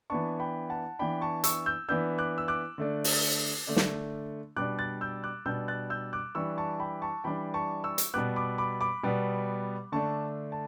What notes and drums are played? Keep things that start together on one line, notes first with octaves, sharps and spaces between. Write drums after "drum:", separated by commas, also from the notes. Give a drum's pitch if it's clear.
E3 B3 D4 A5 C#6
G5 B5
F#5 A5
E3 B3 D4 G5 B5
A5 C#6
C#6 E6, drum: hi-hat
E6 G6
E3 B3 D4 E6 G6
D6 F#6
E6
D6 F#6
D3 A3 D4
drum: open hi-hat
D3 A3 D4
drum: snare
B2 G3 D4 D6 F#6
F#6 A6
E6 G6
D6 F#6
B2 G3 D4 E6 G6
F#6 A6
E6 G6
D6 F#6
E3 G3 D4 C#6 E6
A5 C#6
G5 B5
A5 C#6
E3 G3 D4 G5 B5
A5 C#6
C#6 E6
drum: hi-hat
B2 G3 B3 D6 F#6
B5 D6
B5 D6
B5 D6
B2 G3 B3
D3 A3 D4 A5 C#6
A5